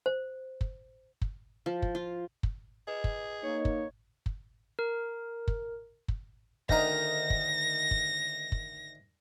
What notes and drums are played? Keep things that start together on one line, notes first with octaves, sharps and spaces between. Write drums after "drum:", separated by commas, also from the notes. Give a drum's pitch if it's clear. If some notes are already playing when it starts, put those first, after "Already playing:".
C5
drum: kick
drum: kick
F3
drum: kick
F4
drum: kick
G#4 B4 D#5
drum: kick
A#3 D#4 C#5
drum: kick
drum: kick
A#4
drum: kick
drum: kick
D2 D#3 A#5 A#6, drum: kick
drum: kick
drum: kick
drum: kick